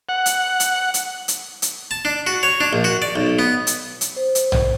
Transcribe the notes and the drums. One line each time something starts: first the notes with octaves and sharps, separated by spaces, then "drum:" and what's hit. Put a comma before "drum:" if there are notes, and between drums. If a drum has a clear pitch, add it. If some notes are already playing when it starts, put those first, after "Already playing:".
F#5
drum: hi-hat
drum: hi-hat
drum: hi-hat
drum: hi-hat
drum: hi-hat
A5
D4
F#4
C#5
D4
A#1
F#4
D5
B1
B3
drum: hi-hat
drum: hi-hat
C5
drum: hi-hat
drum: tom A#1